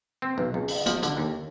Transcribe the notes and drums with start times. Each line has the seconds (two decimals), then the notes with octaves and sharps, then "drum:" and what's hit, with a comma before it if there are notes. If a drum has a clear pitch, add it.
0.22 C4
0.38 B1
0.54 C#2
0.68 drum: open hi-hat
0.86 F3, drum: hi-hat
1.03 D3, drum: hi-hat
1.17 D#2